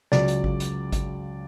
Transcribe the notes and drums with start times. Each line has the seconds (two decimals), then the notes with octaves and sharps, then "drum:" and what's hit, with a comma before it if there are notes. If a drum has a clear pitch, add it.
0.12 C#2 C#3 F#3 D5, drum: snare
0.28 drum: hi-hat
0.44 drum: kick G#1
0.60 drum: hi-hat
0.92 drum: kick G#1, hi-hat